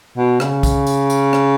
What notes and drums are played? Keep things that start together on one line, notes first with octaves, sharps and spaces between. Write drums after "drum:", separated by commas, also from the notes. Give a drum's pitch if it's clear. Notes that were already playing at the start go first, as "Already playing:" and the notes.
B2
C#3, drum: rim click
drum: kick, tambourine
drum: tambourine
drum: tambourine
drum: rim click